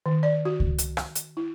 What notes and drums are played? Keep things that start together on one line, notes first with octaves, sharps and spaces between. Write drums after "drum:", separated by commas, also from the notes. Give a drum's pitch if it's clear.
D#3
D5
F#4
drum: kick C#2
drum: hi-hat
drum: rim click
drum: hi-hat
E4